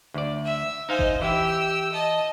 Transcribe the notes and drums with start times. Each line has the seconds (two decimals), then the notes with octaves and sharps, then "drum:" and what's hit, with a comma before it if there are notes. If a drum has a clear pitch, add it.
0.14 D2 D5
0.44 E5
0.89 D#4 C5 D#5 F5 G#5
0.99 drum: kick F#1
1.21 E3 E4 G4 E6
1.92 D#5 A5